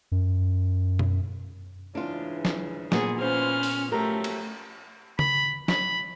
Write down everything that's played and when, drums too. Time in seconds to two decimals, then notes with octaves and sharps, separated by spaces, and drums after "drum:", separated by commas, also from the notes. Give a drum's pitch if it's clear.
0.12 F#2
0.99 drum: tom
1.95 G#2 C#3 E3 D4 F4
2.45 drum: snare
2.92 A#2 B3 G#4, drum: snare
3.21 C#4 E4 F4 C5 F6
3.63 drum: open hi-hat
3.92 F3 F#3 A3 G4 A#4
4.24 drum: cymbal
5.19 B5, drum: tom C#3
5.68 B5, drum: snare